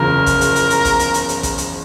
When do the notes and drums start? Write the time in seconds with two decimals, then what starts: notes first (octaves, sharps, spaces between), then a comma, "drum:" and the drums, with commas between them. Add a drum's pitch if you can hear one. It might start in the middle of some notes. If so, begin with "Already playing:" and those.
Already playing: F#1 E2 C#3 F3 A#4
0.26 drum: kick A1, hi-hat
0.41 drum: hi-hat
0.56 drum: hi-hat
0.70 drum: hi-hat
0.85 drum: kick A1, hi-hat
0.99 drum: hi-hat
1.14 drum: hi-hat
1.29 drum: hi-hat
1.43 drum: kick A1, hi-hat
1.58 drum: hi-hat